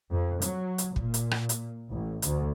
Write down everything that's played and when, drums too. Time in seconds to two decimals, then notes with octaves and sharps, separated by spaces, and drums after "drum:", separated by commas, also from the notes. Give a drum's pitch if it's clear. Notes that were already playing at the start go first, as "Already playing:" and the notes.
0.11 F2
0.42 F#3, drum: hi-hat
0.78 drum: hi-hat
0.96 A#2, drum: kick
1.14 drum: hi-hat
1.31 drum: rim click
1.49 drum: hi-hat
1.90 A1
2.22 D2, drum: hi-hat